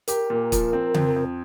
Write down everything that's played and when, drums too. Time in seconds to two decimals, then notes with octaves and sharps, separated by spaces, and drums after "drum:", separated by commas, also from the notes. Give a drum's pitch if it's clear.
0.08 G4 A#4, drum: hi-hat
0.30 A#2
0.52 F3, drum: kick, hi-hat
0.73 C4
0.94 F2, drum: tom C#3
1.16 F2